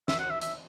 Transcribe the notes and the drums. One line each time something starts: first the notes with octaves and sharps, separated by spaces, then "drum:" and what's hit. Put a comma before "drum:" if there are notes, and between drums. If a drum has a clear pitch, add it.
E5, drum: snare
F#5
E5
E5, drum: hi-hat